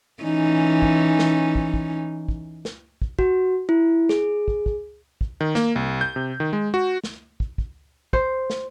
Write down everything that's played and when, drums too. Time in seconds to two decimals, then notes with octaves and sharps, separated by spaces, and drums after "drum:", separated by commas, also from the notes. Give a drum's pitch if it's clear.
0.23 E3 C#4 D#4
0.82 drum: kick
1.19 drum: snare
1.55 drum: kick
1.74 drum: kick
2.28 drum: kick
2.65 drum: snare
3.02 drum: kick
3.19 F#4, drum: kick
3.69 E4
4.09 G#4, drum: snare
4.48 drum: kick
4.66 drum: kick
5.21 drum: kick
5.41 D#3
5.55 A#3, drum: snare
5.76 C2
6.01 G6
6.16 C3
6.40 D#3
6.53 G#3
6.74 F#4
7.04 drum: snare
7.40 drum: kick
7.58 drum: kick
8.13 C5, drum: kick
8.50 drum: snare